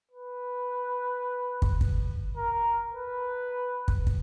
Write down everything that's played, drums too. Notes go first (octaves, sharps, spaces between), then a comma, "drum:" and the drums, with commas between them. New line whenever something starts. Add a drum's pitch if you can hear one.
B4
drum: kick
drum: kick
A#4
B4
drum: kick
drum: kick